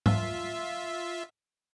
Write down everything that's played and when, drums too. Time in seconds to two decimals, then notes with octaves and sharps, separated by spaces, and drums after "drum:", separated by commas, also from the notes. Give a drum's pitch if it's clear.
0.06 F4 E5, drum: tom G#2